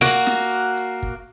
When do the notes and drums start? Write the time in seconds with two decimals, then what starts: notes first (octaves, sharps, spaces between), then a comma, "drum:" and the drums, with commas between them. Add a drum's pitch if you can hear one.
0.01 A#3 F#4, drum: snare
0.27 drum: snare
0.77 drum: hi-hat
1.02 drum: kick